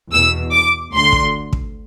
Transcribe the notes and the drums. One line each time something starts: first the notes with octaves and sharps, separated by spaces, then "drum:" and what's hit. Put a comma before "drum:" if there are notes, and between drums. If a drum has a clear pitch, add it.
E2 B2 E6
D6
D2 D3 C6
drum: kick
drum: kick